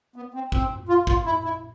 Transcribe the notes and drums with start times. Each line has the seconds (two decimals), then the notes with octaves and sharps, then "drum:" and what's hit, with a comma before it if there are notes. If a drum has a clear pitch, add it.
0.16 B3
0.34 C4
0.52 C4, drum: kick
0.89 F4
1.07 F4, drum: kick
1.26 E4
1.44 E4